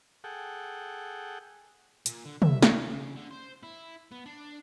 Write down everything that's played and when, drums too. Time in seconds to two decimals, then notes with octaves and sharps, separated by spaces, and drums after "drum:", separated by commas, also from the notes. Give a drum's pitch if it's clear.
0.24 G#4 A4 F#5 G5
2.06 A#2, drum: hi-hat
2.25 D3
2.42 E5, drum: tom
2.62 C#4, drum: snare
2.90 C#3
3.15 D3
3.31 C5
3.63 E4
4.12 B3
4.26 D4